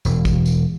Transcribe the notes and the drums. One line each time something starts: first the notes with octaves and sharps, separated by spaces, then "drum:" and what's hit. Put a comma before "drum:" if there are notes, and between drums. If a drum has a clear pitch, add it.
E1, drum: tambourine
drum: kick, tambourine
drum: tambourine